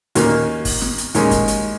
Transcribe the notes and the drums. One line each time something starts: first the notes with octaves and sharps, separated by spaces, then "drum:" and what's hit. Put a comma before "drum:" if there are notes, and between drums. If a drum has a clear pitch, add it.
D#2 D#3 A#3 C#4 F4, drum: hi-hat
drum: kick, open hi-hat
drum: snare
drum: hi-hat
D#2 D#3 G#3 C#4, drum: hi-hat
drum: kick, hi-hat
drum: hi-hat